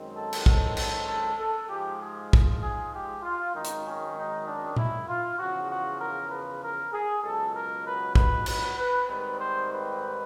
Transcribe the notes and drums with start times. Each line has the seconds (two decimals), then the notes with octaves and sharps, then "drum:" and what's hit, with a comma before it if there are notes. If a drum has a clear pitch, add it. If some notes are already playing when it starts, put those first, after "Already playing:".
Already playing: F#2 D#3 G#3 C4
0.15 A4
0.33 drum: cymbal
0.46 A4, drum: kick
0.77 A4, drum: cymbal
1.07 A4
1.37 A4
1.68 G#2 F3 G#3 G4
1.99 G#4
2.33 drum: kick
2.61 G#4
2.93 G4
3.23 F4
3.53 G#1 F#2 D#3 G#3 D#4
3.65 drum: hi-hat
3.85 C#4
4.16 D#4
4.46 D4
4.76 E4, drum: tom A#2
5.08 F4
5.38 E2 C#3 F3 F#4
5.69 F#4
6.00 A#4
6.31 B4
6.62 A#4
6.93 G#4
7.24 C#2 B2 F#3 A4
7.54 A#4
7.85 B4
8.15 B4, drum: kick
8.46 B4, drum: cymbal
8.77 B4
9.08 G#2 D#3 G3 C4 B4
9.39 C5
9.69 B4